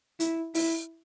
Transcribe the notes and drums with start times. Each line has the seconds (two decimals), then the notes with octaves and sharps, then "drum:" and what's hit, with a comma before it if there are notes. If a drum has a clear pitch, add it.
0.20 E4, drum: hi-hat
0.55 E4, drum: open hi-hat